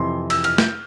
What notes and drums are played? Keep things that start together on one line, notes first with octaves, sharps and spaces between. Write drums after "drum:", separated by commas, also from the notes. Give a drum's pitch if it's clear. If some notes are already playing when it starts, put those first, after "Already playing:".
Already playing: F2 C3 E3 C6
E6, drum: cymbal
F6, drum: cymbal
G6, drum: snare